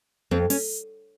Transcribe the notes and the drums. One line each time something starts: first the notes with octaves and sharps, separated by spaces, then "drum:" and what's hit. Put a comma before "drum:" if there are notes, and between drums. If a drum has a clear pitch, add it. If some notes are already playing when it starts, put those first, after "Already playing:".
F2 C4
C#4, drum: open hi-hat